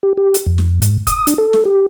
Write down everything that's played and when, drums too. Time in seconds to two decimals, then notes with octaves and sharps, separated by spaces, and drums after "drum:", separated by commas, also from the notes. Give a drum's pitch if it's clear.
0.03 G4
0.17 G4
0.34 drum: hi-hat
0.46 F2
0.58 drum: snare
0.82 G#2, drum: hi-hat
1.07 D#6, drum: kick, hi-hat
1.27 D4, drum: hi-hat
1.38 A4
1.53 drum: snare
1.65 G4